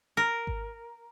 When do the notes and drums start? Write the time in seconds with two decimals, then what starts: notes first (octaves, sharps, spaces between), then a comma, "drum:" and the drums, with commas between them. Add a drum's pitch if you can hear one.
0.17 A#4
0.47 drum: kick G#1